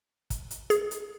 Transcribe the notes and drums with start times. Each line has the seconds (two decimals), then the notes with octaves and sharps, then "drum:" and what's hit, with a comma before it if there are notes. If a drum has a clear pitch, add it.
0.30 drum: kick, hi-hat
0.51 drum: hi-hat
0.70 G#4, drum: hi-hat
0.91 drum: hi-hat